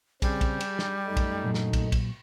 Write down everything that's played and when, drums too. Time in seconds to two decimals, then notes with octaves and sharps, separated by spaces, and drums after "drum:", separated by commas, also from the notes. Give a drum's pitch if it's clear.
0.22 C#3 G3 C4 G#4, drum: kick, cymbal
0.41 drum: kick, cymbal
0.60 G4, drum: cymbal
0.79 drum: snare
1.07 F#2 A3 D#4
1.17 drum: kick, cymbal
1.44 A#2 F#3
1.54 drum: snare
1.73 drum: kick, cymbal
1.92 drum: kick, cymbal